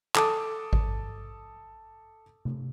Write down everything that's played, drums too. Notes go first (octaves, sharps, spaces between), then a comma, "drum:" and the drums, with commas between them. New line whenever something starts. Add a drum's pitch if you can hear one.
A4 A5 D6 D#6, drum: clap
drum: kick G#1
drum: tom C3